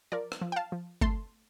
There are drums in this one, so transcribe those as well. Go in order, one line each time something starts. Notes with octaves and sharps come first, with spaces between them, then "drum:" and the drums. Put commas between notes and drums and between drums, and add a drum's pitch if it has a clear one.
F3 A#4 D5
drum: rim click
F3
G5
F5 A5
F3
A3 A5 C6, drum: kick G1